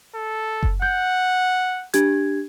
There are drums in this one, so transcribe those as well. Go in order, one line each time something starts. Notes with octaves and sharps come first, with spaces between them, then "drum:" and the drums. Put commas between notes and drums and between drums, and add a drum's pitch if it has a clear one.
A4
drum: kick F#1
F#5 G6
D4 G4 G#6, drum: hi-hat